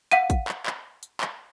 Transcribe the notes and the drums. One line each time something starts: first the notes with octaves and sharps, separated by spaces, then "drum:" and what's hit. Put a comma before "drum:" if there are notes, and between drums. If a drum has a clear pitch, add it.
F5 F#5 D#7, drum: hi-hat
drum: kick, hi-hat
drum: clap
drum: clap
drum: hi-hat
drum: clap